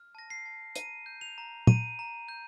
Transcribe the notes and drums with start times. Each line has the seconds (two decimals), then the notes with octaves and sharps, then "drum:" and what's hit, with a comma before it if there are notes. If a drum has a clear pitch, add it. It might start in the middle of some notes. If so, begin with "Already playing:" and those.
Already playing: F6
0.15 A5 A#6
0.30 C7
0.46 A5
0.76 A#5 D#7, drum: hi-hat
1.06 G6
1.21 F7
1.38 A#5
1.67 A#5 D#7, drum: tom
1.99 A#5
2.28 G6